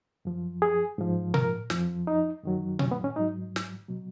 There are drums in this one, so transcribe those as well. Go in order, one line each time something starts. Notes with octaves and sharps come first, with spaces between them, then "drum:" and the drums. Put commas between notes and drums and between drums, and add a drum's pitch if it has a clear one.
F#2 F3
G#4
G#2 F3
A#4, drum: tom A#2
F2 F3, drum: snare
D#4
F#2 D#3 F#3
C#4, drum: tom A#2
B3
C#4
G#2 F#3 D#4
drum: snare
B2 F#3